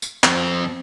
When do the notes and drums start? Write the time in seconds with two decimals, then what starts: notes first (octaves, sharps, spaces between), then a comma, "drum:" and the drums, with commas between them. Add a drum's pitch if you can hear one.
0.02 drum: tambourine
0.24 F2 C4, drum: clap